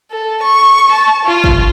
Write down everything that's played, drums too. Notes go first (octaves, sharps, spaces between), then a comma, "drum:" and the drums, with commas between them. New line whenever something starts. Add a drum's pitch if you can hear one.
A4
C#6
A5
F4
drum: kick